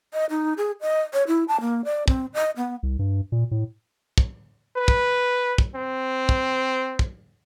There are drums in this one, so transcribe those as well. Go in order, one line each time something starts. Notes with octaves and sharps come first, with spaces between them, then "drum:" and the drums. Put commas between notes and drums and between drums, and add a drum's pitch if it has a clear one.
D#5
D#4
G#4
D#5
C#5
E4
A5
A#3
D5
C4, drum: kick
D#5
B3
C2
G2
A#2
A2
drum: kick
B4
drum: kick
drum: kick
C4
drum: kick
drum: kick